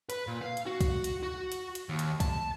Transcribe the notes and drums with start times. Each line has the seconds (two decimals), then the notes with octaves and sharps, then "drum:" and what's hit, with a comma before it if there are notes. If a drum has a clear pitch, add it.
0.10 B4, drum: hi-hat
0.27 A#2
0.42 F5
0.57 drum: hi-hat
0.66 F#4
0.81 drum: kick C2, hi-hat
1.04 drum: hi-hat
1.23 F#4
1.52 drum: hi-hat
1.75 drum: hi-hat
1.89 D#2
1.99 drum: hi-hat
2.20 A5, drum: kick C2, hi-hat